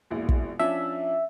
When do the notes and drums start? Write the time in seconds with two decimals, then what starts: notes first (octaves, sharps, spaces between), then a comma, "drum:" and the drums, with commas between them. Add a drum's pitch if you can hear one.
0.11 E1 A#1 E4
0.29 drum: kick
0.59 F3 C#4 D4 E5